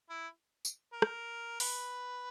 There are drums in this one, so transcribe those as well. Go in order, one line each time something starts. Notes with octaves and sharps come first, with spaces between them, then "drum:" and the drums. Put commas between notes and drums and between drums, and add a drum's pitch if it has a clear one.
E4
drum: tambourine
A#4
drum: rim click
B4, drum: open hi-hat